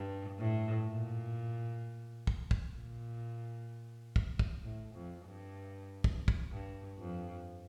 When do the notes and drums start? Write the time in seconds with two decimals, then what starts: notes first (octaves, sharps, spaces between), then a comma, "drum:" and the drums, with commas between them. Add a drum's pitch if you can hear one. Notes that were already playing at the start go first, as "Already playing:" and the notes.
Already playing: G2
0.39 A2
0.86 A#2
2.27 drum: kick
2.51 drum: kick
2.75 A#2
4.16 drum: kick
4.39 drum: kick
4.63 A2
4.94 F2
5.26 G2
6.04 drum: kick
6.28 drum: kick
6.52 G2
6.99 F2